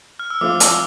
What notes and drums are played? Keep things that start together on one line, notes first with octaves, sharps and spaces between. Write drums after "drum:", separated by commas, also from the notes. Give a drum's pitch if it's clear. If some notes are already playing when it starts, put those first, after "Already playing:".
F6
E6
F3 A3 C4 F4 D6
E6, drum: hi-hat